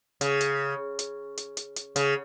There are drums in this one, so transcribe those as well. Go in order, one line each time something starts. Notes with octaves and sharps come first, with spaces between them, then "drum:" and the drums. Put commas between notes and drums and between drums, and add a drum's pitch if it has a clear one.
C#3, drum: hi-hat
drum: hi-hat
drum: hi-hat
drum: hi-hat
drum: hi-hat
drum: hi-hat
C#3, drum: hi-hat